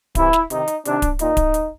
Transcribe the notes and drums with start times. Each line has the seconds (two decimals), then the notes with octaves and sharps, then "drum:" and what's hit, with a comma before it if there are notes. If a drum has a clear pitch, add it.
0.15 C3 E3 E4, drum: kick D1, hi-hat
0.33 drum: snare
0.50 C3 D#3 D#4, drum: hi-hat
0.68 drum: hi-hat
0.85 C3 D#3 D4, drum: hi-hat
1.02 drum: kick D1, hi-hat
1.19 A#2 D#4, drum: hi-hat
1.37 drum: kick D1, hi-hat
1.54 drum: hi-hat